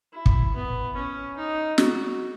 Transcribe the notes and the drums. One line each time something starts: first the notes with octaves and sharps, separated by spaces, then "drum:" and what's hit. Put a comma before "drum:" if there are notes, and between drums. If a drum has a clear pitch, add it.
E4
drum: kick
B3
C#4
D#4
F#4, drum: snare